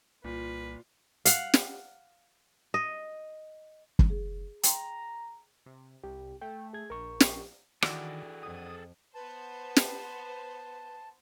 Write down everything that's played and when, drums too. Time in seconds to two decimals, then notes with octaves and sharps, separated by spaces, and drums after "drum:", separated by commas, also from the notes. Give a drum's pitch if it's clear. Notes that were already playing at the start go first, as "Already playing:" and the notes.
0.24 C2 A#2 F4 B4
1.25 F5 F#5, drum: hi-hat
1.54 drum: snare
2.74 D#5
3.99 drum: kick F#1
4.10 G#4
4.63 G5 A#5 C6, drum: hi-hat
5.66 C3
6.04 C2 G4
6.41 A3 G5
6.73 G#4 G#6
6.90 A#1 A#4 C#6
7.20 drum: snare
7.82 D#3 E3 D4 F#4 G#4 A4 G5, drum: rim click
8.43 F2 D#6
9.14 B3 B4 C5 A5
9.76 drum: snare